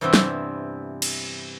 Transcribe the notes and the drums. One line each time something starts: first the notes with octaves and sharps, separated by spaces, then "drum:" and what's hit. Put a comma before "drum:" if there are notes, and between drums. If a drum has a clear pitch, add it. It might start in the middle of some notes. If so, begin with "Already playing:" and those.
G2 C3 E3 B3 C4 E5
drum: snare
drum: cymbal